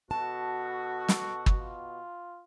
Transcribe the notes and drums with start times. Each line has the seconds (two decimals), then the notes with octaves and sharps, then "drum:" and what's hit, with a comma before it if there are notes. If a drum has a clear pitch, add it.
0.11 B2 F#4 A4 A5
1.08 drum: snare
1.46 drum: kick
1.59 F4